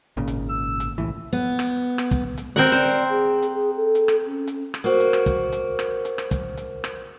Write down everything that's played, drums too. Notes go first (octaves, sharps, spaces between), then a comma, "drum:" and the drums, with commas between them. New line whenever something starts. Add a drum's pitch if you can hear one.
G#1 A#2 C#3
drum: hi-hat
E6
drum: hi-hat
C2 A2 E3
B3
drum: rim click
drum: rim click
drum: kick, hi-hat
drum: hi-hat
C4 A#4 F#5
C5 D5
drum: hi-hat
G#4
drum: hi-hat
G#4
A4
drum: hi-hat
drum: rim click
C#4
drum: hi-hat
drum: rim click
A#3 F#4 A#4 C5
drum: hi-hat
drum: rim click
drum: kick, hi-hat
drum: hi-hat
drum: rim click
drum: hi-hat
drum: rim click
drum: kick, hi-hat
drum: hi-hat
drum: rim click